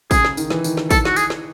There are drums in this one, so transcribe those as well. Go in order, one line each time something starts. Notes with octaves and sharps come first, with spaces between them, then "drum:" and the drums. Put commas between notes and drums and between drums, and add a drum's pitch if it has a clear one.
C#3 G#4, drum: kick, tambourine
drum: snare
D#3, drum: tambourine
E3, drum: snare
D#3, drum: tambourine
drum: snare
A4, drum: kick, tambourine
F#4, drum: snare
G#4, drum: tambourine
drum: snare